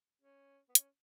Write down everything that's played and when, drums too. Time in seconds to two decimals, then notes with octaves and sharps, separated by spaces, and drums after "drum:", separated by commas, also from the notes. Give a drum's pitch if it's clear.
0.22 C#4
0.69 B3
0.75 C#4, drum: hi-hat